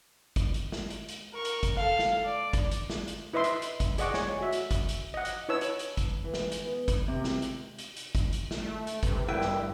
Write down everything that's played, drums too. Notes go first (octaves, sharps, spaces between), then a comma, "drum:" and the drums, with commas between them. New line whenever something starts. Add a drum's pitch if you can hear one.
drum: kick, hi-hat
drum: hi-hat
drum: snare
drum: hi-hat
drum: hi-hat
A#4 C#6
drum: hi-hat
drum: kick, hi-hat
A4 F5
drum: snare
D5
drum: kick, hi-hat
drum: hi-hat
drum: snare
drum: hi-hat
E4 B4 D#5 E5 C6
drum: hi-hat
drum: hi-hat
drum: kick, hi-hat
G#4 D5 D#5 F#5 C#6 D6, drum: hi-hat
C#5 G#5 C#6, drum: snare
F#4 E5
drum: hi-hat
drum: kick, hi-hat
drum: hi-hat
D#5 F#5
drum: hi-hat
E4 B4 C#5 A5 E6
drum: hi-hat
drum: hi-hat
drum: kick, hi-hat
E3
drum: snare
drum: hi-hat
B3
drum: kick, hi-hat
C3
drum: snare
drum: hi-hat
drum: hi-hat
drum: hi-hat
drum: kick, hi-hat
drum: hi-hat
drum: snare
A3
drum: hi-hat
C3 A4 B4, drum: kick, hi-hat
G2 E4 A#4 B4 D5 G5 B5
drum: snare